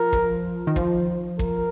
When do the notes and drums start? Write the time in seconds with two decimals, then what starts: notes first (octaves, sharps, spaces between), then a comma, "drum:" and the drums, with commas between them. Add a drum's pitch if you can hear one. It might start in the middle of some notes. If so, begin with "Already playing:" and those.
Already playing: F3 A#4
0.13 drum: kick
0.67 D#3
0.76 F3 C5, drum: kick
1.39 A#4, drum: kick